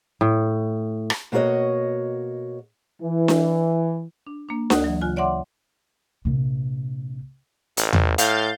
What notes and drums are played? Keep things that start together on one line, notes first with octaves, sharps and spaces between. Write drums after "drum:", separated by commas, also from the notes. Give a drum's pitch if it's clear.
A2
drum: rim click
B2 A#3 B3 F#4 C#5 D#5
E3
drum: snare D4
D4
A#3 D4
D2 D#5 D#6 F#6, drum: snare D4
E3 F#3
C#3 F4 G#5 F#6
C#5 D5 E5 F#5 C6 D6
A#1 C3
A1, drum: hi-hat
drum: tom E2
A2 F5 G6 A6, drum: hi-hat